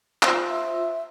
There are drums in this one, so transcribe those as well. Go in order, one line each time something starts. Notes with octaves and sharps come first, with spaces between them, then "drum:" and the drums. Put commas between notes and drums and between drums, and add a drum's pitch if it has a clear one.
F4 C5 E6, drum: clap
E5